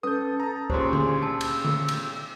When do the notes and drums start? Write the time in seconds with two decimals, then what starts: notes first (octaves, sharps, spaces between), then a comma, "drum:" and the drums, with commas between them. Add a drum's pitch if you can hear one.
0.03 C#4 A4 B4 D#6 G6
0.40 A5 A#5
0.70 A#2 C#3 G3 C5 C6 C#6, drum: kick
0.93 D4 G#4 C6, drum: tom D3
1.22 A5 E6
1.41 drum: cymbal
1.65 drum: tom D3
1.88 drum: cymbal